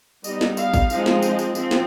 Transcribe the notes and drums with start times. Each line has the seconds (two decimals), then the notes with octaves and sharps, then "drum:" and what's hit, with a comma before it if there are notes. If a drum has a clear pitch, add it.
0.24 G3 B3 D#4 D#5, drum: tambourine
0.41 drum: snare
0.57 F5, drum: tambourine
0.74 drum: kick G#1, tambourine
0.90 F3 G#3 C4 D#4, drum: tambourine
1.06 drum: snare
1.22 drum: tambourine
1.39 drum: tambourine
1.55 F3 C4, drum: tambourine
1.71 drum: snare